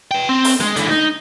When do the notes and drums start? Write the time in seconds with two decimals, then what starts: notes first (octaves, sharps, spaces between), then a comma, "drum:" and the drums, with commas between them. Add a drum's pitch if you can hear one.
0.11 B4 G5
0.29 C4
0.44 drum: open hi-hat
0.60 G#3, drum: snare D4
0.76 D3 E3, drum: hi-hat
0.91 D#4, drum: snare D4